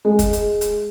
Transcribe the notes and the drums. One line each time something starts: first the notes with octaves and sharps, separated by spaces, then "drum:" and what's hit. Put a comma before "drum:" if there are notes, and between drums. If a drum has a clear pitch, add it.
G#3
drum: kick, hi-hat
drum: hi-hat
drum: hi-hat